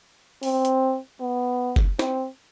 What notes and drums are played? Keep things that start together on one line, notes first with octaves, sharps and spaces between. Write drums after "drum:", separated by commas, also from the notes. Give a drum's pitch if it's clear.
C4, drum: open hi-hat
drum: hi-hat
B3
drum: kick F#1
C4, drum: snare